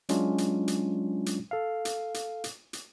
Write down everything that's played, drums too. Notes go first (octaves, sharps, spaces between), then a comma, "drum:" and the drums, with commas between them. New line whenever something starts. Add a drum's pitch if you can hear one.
F#3 G#3 C#4 D4 F4, drum: hi-hat
drum: hi-hat
drum: hi-hat
drum: hi-hat
A4 F5
drum: hi-hat
drum: hi-hat
drum: hi-hat
drum: hi-hat